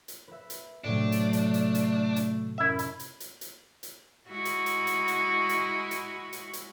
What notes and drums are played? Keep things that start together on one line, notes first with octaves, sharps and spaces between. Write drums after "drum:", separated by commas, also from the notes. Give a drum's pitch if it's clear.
drum: hi-hat
B4 E5
drum: hi-hat
A2 C3 F#3 A3 D4
drum: hi-hat
drum: hi-hat
drum: hi-hat
drum: hi-hat
drum: hi-hat
F#2 E4 E5
drum: hi-hat
drum: hi-hat
drum: hi-hat
drum: hi-hat
drum: hi-hat
G#3 E4 F#4
drum: hi-hat
drum: hi-hat
drum: hi-hat
drum: hi-hat
drum: hi-hat
drum: hi-hat
drum: hi-hat
drum: hi-hat